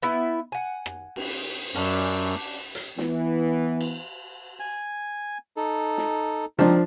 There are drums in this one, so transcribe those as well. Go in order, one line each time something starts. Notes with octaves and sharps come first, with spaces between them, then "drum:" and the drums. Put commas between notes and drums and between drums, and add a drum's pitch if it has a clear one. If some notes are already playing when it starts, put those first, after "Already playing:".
B3 E4 E5
F#5 G#5
drum: rim click
drum: cymbal
F#2 C#4 D4, drum: cymbal
drum: hi-hat
E3 B3, drum: snare
drum: cymbal
G#5
D#4 A4
drum: snare
F3 C4 D4 D#4, drum: snare